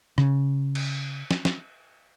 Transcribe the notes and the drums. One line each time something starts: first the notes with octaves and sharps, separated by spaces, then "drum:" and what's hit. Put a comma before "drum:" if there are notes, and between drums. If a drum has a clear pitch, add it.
C#3, drum: rim click
drum: cymbal
drum: snare
drum: snare